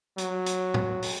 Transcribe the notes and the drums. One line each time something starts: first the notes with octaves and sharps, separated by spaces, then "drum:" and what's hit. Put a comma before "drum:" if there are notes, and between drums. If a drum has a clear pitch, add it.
F#3, drum: hi-hat
drum: hi-hat
drum: tom
drum: open hi-hat